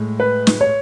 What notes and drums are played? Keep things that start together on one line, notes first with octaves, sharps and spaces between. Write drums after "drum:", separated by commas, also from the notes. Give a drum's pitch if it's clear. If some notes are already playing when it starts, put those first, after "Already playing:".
Already playing: A2 G#3
B4
drum: snare
C#5